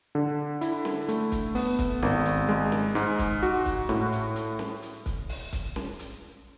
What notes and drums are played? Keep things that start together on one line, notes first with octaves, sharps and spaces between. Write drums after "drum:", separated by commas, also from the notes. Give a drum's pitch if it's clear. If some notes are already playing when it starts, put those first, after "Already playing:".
D3
E4, drum: hi-hat
drum: snare
A3, drum: hi-hat
drum: kick, hi-hat
B3, drum: open hi-hat
drum: kick, hi-hat
G#1, drum: snare
drum: hi-hat
G#3
drum: snare
G#2, drum: hi-hat
drum: kick, hi-hat
F#4
drum: kick, hi-hat
A2, drum: snare
drum: hi-hat
drum: hi-hat
drum: snare
drum: hi-hat
drum: kick, hi-hat
drum: open hi-hat
drum: kick, hi-hat
drum: snare
drum: hi-hat